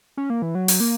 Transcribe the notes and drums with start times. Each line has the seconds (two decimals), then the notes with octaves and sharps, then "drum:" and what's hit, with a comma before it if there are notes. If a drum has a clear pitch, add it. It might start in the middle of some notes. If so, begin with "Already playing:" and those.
0.17 C#4
0.30 A#3
0.42 E3
0.55 F#3
0.68 drum: open hi-hat
0.80 A#3